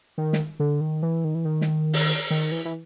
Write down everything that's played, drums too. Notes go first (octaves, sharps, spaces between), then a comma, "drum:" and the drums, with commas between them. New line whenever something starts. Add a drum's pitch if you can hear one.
D#3
drum: snare
D3
D#3
E3
D#3
E3
D#3
drum: snare
drum: open hi-hat
D#3
E3
E3